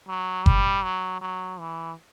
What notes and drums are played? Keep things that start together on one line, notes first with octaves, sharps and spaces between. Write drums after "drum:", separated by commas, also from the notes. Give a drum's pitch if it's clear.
F#3
G3, drum: kick F#1
F#3
F#3
E3